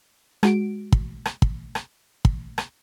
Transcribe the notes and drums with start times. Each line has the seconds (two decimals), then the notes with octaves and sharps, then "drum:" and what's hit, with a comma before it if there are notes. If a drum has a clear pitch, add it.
0.43 G#3 F#4 D7, drum: rim click
0.92 drum: kick
1.25 drum: rim click
1.42 drum: kick
1.75 drum: rim click
2.25 drum: kick
2.58 drum: rim click